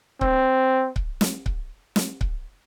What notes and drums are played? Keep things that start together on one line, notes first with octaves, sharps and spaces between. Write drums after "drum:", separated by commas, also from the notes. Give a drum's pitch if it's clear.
C4, drum: kick C#1
drum: kick C#1
drum: snare
drum: kick C#1
drum: snare
drum: kick C#1